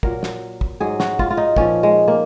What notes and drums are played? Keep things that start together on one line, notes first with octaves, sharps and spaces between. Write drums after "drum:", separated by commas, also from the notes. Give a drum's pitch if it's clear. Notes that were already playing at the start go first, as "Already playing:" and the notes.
A#2 F#3 A#4, drum: kick
drum: snare
drum: kick
G#2 F#3 G#4
F#4, drum: snare
F4, drum: kick
F4
D#4
A#2 F3 C#4, drum: kick
G#3
A#3